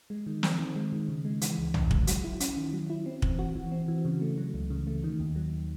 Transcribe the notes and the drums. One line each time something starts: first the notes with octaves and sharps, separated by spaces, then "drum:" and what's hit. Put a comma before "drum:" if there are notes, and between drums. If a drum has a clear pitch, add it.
G#3
D#3
C4, drum: snare
D#3
G#3
D#3
C#3
G#3
E3, drum: hi-hat
C#2
C#3, drum: tom B1
G#3, drum: kick
F#3, drum: hi-hat
E4
C#4, drum: hi-hat
D#3
F#3
E4
C4
E3, drum: kick
F#4
E3
C4
E3
C#3
A3
F#3
C#2
C#3
A3
D#3
D#2
F#3